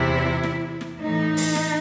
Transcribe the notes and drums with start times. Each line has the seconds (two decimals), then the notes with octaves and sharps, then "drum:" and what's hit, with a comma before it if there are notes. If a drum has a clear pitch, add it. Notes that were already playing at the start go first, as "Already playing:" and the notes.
Already playing: E2 C3 E3 E4
0.44 drum: snare
0.81 drum: snare
1.00 A2 E3 D#4
1.37 drum: open hi-hat
1.55 drum: snare